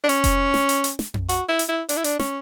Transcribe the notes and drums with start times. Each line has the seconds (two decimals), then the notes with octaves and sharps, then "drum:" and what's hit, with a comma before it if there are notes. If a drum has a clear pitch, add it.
0.04 D4
0.09 C#4, drum: hi-hat
0.24 drum: kick F1, hi-hat
0.54 drum: snare
0.69 drum: hi-hat
0.84 drum: hi-hat
0.99 drum: snare
1.14 drum: tom F2
1.29 F#4, drum: hi-hat
1.49 E4
1.59 drum: hi-hat
1.69 E4
1.89 D4, drum: hi-hat
1.97 E4
2.04 D4, drum: hi-hat
2.20 C#4, drum: snare